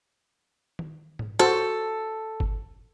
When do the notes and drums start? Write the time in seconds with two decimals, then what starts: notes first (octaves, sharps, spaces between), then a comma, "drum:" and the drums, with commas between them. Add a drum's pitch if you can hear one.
0.79 drum: tom D#3
1.19 drum: tom G#2
1.39 F#4 A4 C5 A5
2.40 drum: kick